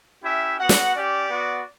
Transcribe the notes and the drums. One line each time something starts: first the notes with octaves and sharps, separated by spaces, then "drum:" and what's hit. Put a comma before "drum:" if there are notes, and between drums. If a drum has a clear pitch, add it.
C#4 E4 G4 E5
B3 F#4 F#5
drum: snare
C#4 G4 D5
B3 F#4